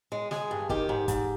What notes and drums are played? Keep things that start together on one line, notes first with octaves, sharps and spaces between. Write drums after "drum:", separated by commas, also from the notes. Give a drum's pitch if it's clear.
G#3
G#3 G#4, drum: snare
G2
D#3 G4, drum: kick
G#2
G#2, drum: kick, hi-hat